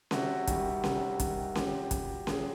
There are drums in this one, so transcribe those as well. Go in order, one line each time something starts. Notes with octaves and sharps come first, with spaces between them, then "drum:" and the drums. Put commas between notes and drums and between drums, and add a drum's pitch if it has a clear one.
C3 F#4, drum: snare C#4
D#3 G3, drum: kick, hi-hat
C3, drum: snare C#4
D#3 G3, drum: kick, hi-hat
A#2 G4, drum: snare C#4
F#3, drum: kick, hi-hat
A#2 G#4, drum: snare C#4